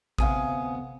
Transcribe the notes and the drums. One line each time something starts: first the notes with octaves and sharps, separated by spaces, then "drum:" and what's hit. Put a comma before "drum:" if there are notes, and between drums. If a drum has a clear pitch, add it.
D2 C3 B3 F5 G#5 D#6, drum: kick A1